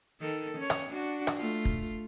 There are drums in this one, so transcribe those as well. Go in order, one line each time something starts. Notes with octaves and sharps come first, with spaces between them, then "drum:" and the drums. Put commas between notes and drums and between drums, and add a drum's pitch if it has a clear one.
D#3 A4
C#4 C#5
drum: rim click
D4 F#4
drum: rim click
A3 F4
drum: kick